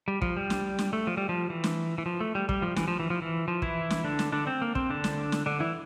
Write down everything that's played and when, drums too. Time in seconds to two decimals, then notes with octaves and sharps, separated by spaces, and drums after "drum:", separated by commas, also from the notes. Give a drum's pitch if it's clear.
0.08 G3
0.22 F3, drum: kick
0.37 G3
0.50 drum: snare
0.79 drum: snare
0.93 A3
1.07 F3
1.17 G3
1.29 F3
1.50 E3
1.64 drum: snare
1.98 E3
2.06 F3
2.20 A3
2.35 G3
2.49 G3, drum: kick
2.62 F3
2.76 E3, drum: snare
2.88 F3
3.00 E3
3.10 F3
3.22 E3
3.48 F3
3.62 E3 E4, drum: kick
3.90 drum: snare
4.04 D3 D4
4.19 drum: snare
4.32 D3 D4
4.47 C4
4.62 A#3
4.75 C4, drum: kick
4.90 D3 D4
5.04 drum: snare
5.32 drum: snare
5.46 D3 D4
5.60 E3 E4